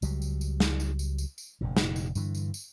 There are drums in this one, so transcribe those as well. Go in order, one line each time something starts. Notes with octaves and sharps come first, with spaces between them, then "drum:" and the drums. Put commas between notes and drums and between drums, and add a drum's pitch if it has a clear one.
C#2 F#3 G3, drum: tambourine
drum: tambourine
drum: tambourine
drum: snare
drum: tambourine
drum: tambourine
drum: tambourine
drum: tambourine
F1 A#2 D3
drum: snare
drum: tambourine
G2 D3 E3, drum: tambourine
drum: tambourine
drum: tambourine